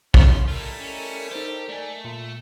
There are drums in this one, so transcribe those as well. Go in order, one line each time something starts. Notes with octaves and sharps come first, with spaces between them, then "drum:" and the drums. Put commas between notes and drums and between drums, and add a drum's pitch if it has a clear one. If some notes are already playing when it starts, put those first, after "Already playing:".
C#4 C6, drum: kick
G3 A3 A#3 E4 F4 A4 A#4 D#5
C#4
D#4 G4 C5
A3 D5 G#5
A#2